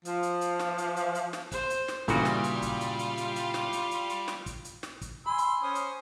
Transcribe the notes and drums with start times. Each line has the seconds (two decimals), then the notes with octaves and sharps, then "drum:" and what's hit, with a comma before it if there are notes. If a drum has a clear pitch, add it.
0.05 F3, drum: hi-hat
0.23 drum: hi-hat
0.41 drum: hi-hat
0.60 drum: snare
0.78 drum: hi-hat
0.96 drum: hi-hat
1.15 drum: hi-hat
1.33 drum: snare
1.52 C5, drum: kick, hi-hat
1.70 drum: hi-hat
1.88 drum: snare
2.08 G2 A#2 C#3 E3 G3 F4 F#4, drum: kick, hi-hat
2.25 drum: snare
2.44 drum: hi-hat
2.62 drum: kick, hi-hat
2.80 drum: hi-hat
2.99 drum: hi-hat
3.17 drum: hi-hat
3.36 drum: hi-hat
3.54 drum: snare
3.73 drum: hi-hat
3.91 drum: hi-hat
4.09 drum: hi-hat
4.28 drum: snare
4.46 drum: kick, hi-hat
4.65 drum: hi-hat
4.83 drum: snare
5.01 drum: kick, hi-hat
5.26 G#5 B5 C6 E6
5.38 drum: hi-hat
5.63 C#4 C5 D#6
5.75 drum: hi-hat